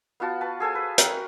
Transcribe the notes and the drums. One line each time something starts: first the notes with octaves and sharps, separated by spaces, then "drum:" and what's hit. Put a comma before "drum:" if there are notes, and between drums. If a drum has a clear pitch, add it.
B3 F4 F#4 A5
B4 A5
G#4 A4 C5 G#5
B4
F#4 A#4 B4 G5, drum: hi-hat